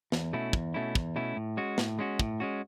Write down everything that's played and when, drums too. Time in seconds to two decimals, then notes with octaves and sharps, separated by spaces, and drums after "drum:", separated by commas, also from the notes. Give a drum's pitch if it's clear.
0.12 E2, drum: snare
0.33 B2 A3 C#4 E4
0.53 E2, drum: kick
0.74 B2 A3 C#4 E4
0.95 E2, drum: kick
1.16 B2 A3 C#4 E4
1.36 A2
1.57 G#3 C#4 F#4
1.78 A2, drum: snare
1.99 G#3 C#4 F#4
2.20 A2, drum: kick
2.40 G#3 C#4 F#4